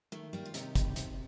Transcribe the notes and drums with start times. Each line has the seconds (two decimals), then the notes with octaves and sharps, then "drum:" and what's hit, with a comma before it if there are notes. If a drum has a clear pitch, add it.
0.12 D#3 A3
0.33 G3 A#3
0.45 F4
0.54 C3 D#4 G4, drum: hi-hat
0.75 drum: kick, hi-hat
0.96 C3, drum: hi-hat